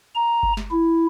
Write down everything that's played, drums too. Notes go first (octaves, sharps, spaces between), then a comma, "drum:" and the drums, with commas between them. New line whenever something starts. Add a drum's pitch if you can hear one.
A#5
drum: kick G1
drum: snare
E4